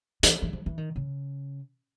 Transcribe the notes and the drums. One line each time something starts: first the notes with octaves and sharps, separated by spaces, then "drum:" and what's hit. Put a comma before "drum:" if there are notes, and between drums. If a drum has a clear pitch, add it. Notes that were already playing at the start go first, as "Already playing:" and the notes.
E3, drum: hi-hat
E3
F3
E3
D#3
C#3